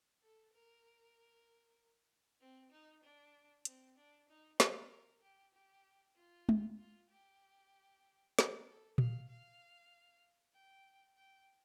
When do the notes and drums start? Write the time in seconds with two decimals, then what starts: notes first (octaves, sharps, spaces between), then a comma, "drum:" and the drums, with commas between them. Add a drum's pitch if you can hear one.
0.22 A4
0.53 A#4
2.40 C4
2.72 D#4
3.03 D4
3.65 C4, drum: hi-hat
3.98 D4
4.29 D#4
4.60 A#4, drum: snare
4.90 A#4
5.22 G4
5.54 G4
6.16 F4
6.49 drum: tom G#3
6.78 F4
7.10 G4
8.39 drum: snare
8.67 A4
8.98 F5, drum: tom A#2
9.29 F5
10.54 G5
11.16 G5